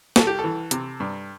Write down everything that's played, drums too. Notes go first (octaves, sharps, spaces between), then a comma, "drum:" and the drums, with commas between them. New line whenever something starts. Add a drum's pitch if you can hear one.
C2 A4, drum: snare
G4
A4
E3
C3, drum: hi-hat
G2